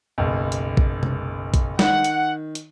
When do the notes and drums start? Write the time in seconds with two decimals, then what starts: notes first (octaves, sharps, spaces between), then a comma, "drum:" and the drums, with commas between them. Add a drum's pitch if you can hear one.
0.18 F#1 B1
0.52 drum: hi-hat
0.77 drum: kick A#1
1.03 drum: tom C3
1.54 drum: kick A#1, hi-hat
1.79 D#3 F#5, drum: snare
2.04 drum: hi-hat
2.55 drum: hi-hat